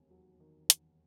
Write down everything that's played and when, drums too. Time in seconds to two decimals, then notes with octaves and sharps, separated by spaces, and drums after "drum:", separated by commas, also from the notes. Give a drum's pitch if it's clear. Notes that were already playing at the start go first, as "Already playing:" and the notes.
Already playing: E1 D#2
0.11 F#3
0.40 D#3
0.70 drum: hi-hat